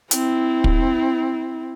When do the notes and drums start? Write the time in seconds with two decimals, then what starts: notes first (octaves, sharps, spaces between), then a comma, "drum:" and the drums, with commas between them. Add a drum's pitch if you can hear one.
0.11 C4 E4, drum: hi-hat
0.64 drum: kick